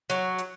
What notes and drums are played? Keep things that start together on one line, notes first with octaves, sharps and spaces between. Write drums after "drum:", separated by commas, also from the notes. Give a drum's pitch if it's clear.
F#3, drum: hi-hat
drum: hi-hat